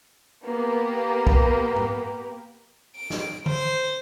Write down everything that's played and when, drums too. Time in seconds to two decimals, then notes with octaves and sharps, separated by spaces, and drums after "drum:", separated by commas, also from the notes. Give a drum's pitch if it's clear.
0.44 A#3 B3 G4 A#4
1.27 drum: kick
1.76 drum: tom G#2
2.96 D7
3.10 drum: snare
3.46 C5, drum: tom D3